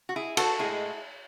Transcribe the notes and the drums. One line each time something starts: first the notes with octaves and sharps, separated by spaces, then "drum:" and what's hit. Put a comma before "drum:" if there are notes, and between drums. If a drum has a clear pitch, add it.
F#4
E4 G#4
F#4 A4, drum: cymbal
A2 G#3 E4 G#4